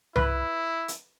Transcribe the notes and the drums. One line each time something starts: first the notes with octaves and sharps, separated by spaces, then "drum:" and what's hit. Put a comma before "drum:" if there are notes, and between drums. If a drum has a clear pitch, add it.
E4 B4, drum: tom C2
drum: hi-hat